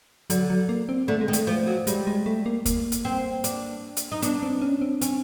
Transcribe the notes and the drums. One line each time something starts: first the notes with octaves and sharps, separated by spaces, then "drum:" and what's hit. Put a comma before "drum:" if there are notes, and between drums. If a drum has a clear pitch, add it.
D3 F#3, drum: hi-hat
F#3
A#3
C4
D3 A3
G#3
D#3
A3, drum: hi-hat
F3
F#3
G3 G#3, drum: hi-hat
G#3
A3
A#3
A#3, drum: kick, hi-hat
drum: hi-hat
C4
D4, drum: hi-hat
drum: hi-hat
D#4
B3 D4, drum: hi-hat
C4
C#4
C4
C4 C#4, drum: hi-hat